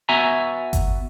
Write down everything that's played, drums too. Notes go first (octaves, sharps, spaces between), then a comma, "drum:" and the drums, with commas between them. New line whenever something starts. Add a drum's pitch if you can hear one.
B3 F#4 E5 G#5 A#5
drum: kick G1, hi-hat